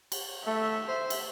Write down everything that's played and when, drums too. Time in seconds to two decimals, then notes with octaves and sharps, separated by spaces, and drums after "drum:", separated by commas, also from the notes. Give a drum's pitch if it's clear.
0.12 drum: cymbal
0.47 A3 E5
0.88 C5
1.10 drum: cymbal